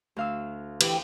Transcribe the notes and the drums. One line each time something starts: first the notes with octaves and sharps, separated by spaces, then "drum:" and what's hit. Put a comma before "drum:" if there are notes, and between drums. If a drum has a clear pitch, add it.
D2 F5 E6
E3 G4, drum: cymbal